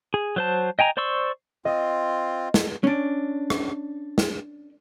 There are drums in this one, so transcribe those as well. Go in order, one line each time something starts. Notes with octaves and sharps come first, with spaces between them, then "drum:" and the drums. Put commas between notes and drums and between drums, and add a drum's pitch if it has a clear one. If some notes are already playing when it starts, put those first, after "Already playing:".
G#4
F#3 C5 A5
D#5 G5 G#5 A#5
C5 D5 C6 C#6 E6
C4 F4 D#5
drum: snare
C#4 D4
drum: rim click
drum: snare